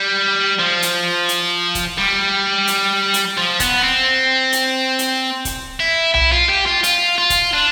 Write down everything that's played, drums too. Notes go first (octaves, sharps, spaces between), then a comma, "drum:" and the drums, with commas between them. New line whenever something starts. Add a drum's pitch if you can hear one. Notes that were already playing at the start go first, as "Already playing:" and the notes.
Already playing: G3
F3
drum: hi-hat
drum: hi-hat
drum: kick, hi-hat
G3
drum: hi-hat
drum: hi-hat
F3
B3, drum: kick, hi-hat
C4
drum: hi-hat
drum: hi-hat
drum: kick, hi-hat
E4
E4, drum: tom B1
F4
G4
F4
F4, drum: hi-hat
F4
drum: kick, hi-hat
D4